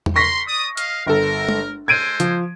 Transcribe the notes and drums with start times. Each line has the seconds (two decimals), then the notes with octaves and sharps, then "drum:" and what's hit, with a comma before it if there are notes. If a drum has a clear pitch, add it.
0.06 drum: tom E2
0.16 A#5 C6 C#6 A#6 B6
0.48 D5 D#6
0.77 D#5 F5, drum: hi-hat
1.06 G1 A4 A#4
1.49 drum: tom G#3
1.88 G#3 A4 C5 G#6 D7 D#7
2.20 F3, drum: hi-hat